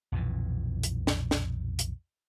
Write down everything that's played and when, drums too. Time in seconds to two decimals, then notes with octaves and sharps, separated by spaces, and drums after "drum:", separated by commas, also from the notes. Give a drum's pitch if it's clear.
0.12 B1 F2 A#2 E3
0.83 drum: hi-hat
1.07 drum: snare
1.31 drum: snare
1.79 drum: hi-hat